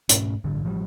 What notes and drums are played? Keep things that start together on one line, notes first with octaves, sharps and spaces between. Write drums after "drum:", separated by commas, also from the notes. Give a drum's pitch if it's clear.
G#2 B2 A3 C#4, drum: hi-hat
A1 G2 D3
A1 F3 G3